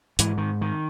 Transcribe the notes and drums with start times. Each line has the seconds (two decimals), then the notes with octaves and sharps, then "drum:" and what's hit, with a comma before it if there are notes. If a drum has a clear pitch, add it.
0.19 G#2 E3, drum: hi-hat
0.38 D#3
0.61 D#3